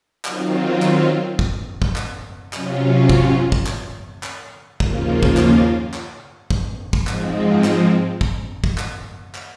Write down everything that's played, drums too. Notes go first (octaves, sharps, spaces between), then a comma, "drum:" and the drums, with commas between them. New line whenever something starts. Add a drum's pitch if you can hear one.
D#3 F#3 C4 F4, drum: clap
drum: clap
drum: kick
drum: kick
drum: clap
C3 F#3 C#4 F4, drum: clap
drum: kick
drum: kick
drum: clap
drum: clap
D#2 C#3 F3 A#3 F4, drum: kick
drum: kick
drum: clap
drum: clap
drum: kick
drum: kick
G#2 F3 G#3 C4, drum: clap
drum: clap
drum: kick
drum: kick
drum: clap
drum: clap